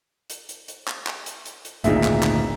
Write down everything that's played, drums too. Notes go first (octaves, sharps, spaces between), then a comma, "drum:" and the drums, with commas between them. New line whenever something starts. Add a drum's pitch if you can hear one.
drum: hi-hat
drum: hi-hat
drum: hi-hat
drum: clap
drum: clap
drum: hi-hat
drum: hi-hat
drum: hi-hat
G#1 D2 A#2 D#4 G#4 E5, drum: hi-hat
drum: clap
drum: clap